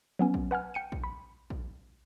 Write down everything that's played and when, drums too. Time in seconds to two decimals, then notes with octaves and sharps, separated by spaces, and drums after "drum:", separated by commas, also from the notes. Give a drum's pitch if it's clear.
0.19 F#3 B3 C#4
0.34 drum: kick A#1
0.51 B4 F#5 G#5 F6
0.74 G5 C#7 D#7
0.92 drum: kick A#1
1.04 B5
1.50 drum: kick A#1